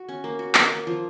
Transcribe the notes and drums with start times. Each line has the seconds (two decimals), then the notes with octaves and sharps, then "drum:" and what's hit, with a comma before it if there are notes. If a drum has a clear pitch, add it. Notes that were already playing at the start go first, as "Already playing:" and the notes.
Already playing: F#4
0.09 C#4
0.24 A#3
0.39 F#4
0.55 A#3, drum: clap
0.70 A#3
0.87 F3